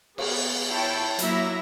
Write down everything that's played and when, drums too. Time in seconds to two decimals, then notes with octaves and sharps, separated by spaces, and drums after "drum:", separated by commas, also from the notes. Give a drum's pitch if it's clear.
0.18 B3 G#4, drum: cymbal
0.69 E4 C#5 G5 A5
1.19 F#3 A#3 E4 E5 A#5, drum: hi-hat